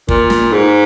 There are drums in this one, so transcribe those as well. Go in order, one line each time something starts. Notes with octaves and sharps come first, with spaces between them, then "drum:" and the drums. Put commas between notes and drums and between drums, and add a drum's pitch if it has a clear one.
A#2, drum: kick
drum: snare
G#2